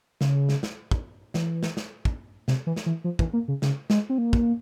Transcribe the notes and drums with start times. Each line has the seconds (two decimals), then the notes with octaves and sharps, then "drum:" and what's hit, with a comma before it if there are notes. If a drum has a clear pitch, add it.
0.21 C#3, drum: snare
0.49 drum: snare
0.63 drum: snare
0.91 drum: kick
1.34 E3, drum: snare
1.63 drum: snare
1.77 drum: snare
2.05 drum: kick
2.48 C3, drum: snare
2.67 E3
2.76 drum: snare
2.86 E3
3.04 F3
3.19 E3, drum: kick
3.33 A#3
3.48 C#3
3.62 C#3, drum: snare
3.90 G#3, drum: snare
4.10 C4
4.18 A#3
4.33 drum: kick